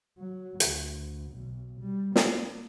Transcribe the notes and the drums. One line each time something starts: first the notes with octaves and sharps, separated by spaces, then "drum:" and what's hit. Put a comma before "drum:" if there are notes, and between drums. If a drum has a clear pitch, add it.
F#3
D2, drum: hi-hat
B1
G3
A#3, drum: snare